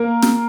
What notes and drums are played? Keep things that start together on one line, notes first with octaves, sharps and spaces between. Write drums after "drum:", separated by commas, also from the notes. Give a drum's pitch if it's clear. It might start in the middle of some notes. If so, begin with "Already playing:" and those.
Already playing: A#3 A#4
drum: snare